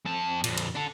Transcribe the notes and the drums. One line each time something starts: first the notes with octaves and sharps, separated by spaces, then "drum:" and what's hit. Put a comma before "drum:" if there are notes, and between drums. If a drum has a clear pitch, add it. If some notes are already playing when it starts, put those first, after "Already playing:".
F2 A5
F2 A#2, drum: cymbal
drum: cymbal
D4 A4